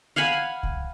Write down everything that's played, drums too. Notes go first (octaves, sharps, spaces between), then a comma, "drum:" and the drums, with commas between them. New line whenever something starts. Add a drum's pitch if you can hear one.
F5 F#5 G#5 B5
drum: kick C2